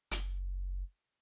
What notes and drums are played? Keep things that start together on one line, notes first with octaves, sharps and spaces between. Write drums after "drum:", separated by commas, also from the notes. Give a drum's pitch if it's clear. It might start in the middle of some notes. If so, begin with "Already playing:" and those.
F#1, drum: hi-hat